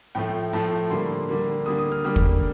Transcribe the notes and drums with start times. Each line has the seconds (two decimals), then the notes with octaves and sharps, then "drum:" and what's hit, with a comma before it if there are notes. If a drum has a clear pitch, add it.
0.15 A2 F3 A3 G5
0.53 A2 F3 A3 A5
0.90 D3 G3 A#3 C6
1.29 D3 G3 A#3
1.66 D3 G3 A#3 D#6
1.78 D#6
1.92 F6
2.04 D3 G3 A#3 F6
2.16 drum: kick